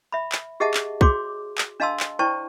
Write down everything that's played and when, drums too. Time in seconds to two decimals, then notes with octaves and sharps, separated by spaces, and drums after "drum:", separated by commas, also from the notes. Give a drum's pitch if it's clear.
0.12 E5 B5
0.32 drum: clap
0.60 G4 G#4 D#5 E5 F#5 A5
0.74 drum: clap
1.01 F#4 G#4 C#5 C6 D6, drum: kick
1.58 drum: clap
1.80 D4 D#5 F5 A5 C6 E6
2.00 drum: clap
2.19 E4 C5 D5 G5 A5 C#6